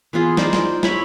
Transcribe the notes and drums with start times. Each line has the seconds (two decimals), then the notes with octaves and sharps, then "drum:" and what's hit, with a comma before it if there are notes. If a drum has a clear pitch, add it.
0.13 E3 B3 F4 G#4
0.37 D#4 F4 C5 D5, drum: snare
0.53 drum: snare
0.83 E4 C#5 B5, drum: snare